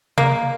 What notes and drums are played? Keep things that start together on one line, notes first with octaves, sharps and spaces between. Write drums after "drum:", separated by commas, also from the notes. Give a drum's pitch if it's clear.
A#3, drum: tom C3